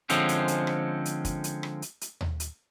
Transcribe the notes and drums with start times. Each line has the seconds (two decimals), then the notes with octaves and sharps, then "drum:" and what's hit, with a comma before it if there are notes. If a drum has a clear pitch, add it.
0.09 D3 F3 G#3 C4 C#4, drum: hi-hat
0.29 drum: hi-hat
0.48 drum: hi-hat
0.67 drum: rim click
1.05 drum: hi-hat
1.25 drum: kick, hi-hat
1.44 drum: hi-hat
1.63 drum: rim click
1.82 drum: hi-hat
2.01 drum: hi-hat
2.21 drum: tom D#2
2.40 drum: hi-hat